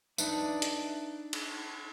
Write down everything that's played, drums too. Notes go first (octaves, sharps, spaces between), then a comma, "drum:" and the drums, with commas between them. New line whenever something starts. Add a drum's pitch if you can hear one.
D4 D#4 B4 E5, drum: tambourine
drum: hi-hat
drum: cymbal